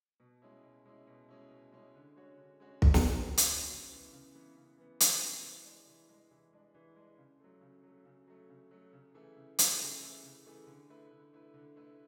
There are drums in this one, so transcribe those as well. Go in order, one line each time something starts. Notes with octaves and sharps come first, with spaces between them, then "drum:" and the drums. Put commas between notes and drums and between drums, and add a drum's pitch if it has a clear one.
B2
G#3 C#4 E4
B2
G#3 C#4 E4
B2
G#3 C#4 E4
B2
G#3 C#4 E4
D3
G#3 C#4 F#4 C#5
D3
G#3 C#4 F#4 C#5
D3, drum: kick
drum: snare
G#3 C#4 F#4 C#5
D3
drum: hi-hat
G#3 C#4 F#4 C#5
C#3
E3 B3
C#3
E3 B3
C#3
E3 B3
C#3, drum: hi-hat
E3 B3
E3
G#3 D4
E3
G#3 D4
E3
G#3 D4
E3
G#3 D4
C#3
F#3 A3
C#3
F#3 A3
C#3
F#3 A3
C#3
F#3 A3
C#3
E3 A3 E4 G#4
C#3
E3 A3 E4 G#4, drum: hi-hat
C#3
E3 A3 E4 G#4
C#3
E3 A3 E4 G#4
D3
A3 E4 B4
D3
A3 E4 B4
D3
A3 E4 B4